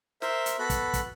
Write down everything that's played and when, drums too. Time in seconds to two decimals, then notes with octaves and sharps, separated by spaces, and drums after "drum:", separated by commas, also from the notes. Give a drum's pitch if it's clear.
0.22 A#4 C5 E5, drum: snare
0.46 drum: hi-hat
0.59 B3 F#4 A4 B5 F#6
0.70 drum: kick, hi-hat
0.93 drum: kick, hi-hat